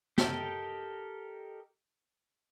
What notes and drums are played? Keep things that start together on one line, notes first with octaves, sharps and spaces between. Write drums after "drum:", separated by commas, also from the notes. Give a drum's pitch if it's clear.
G4 A4 A#4 D#5 G5, drum: snare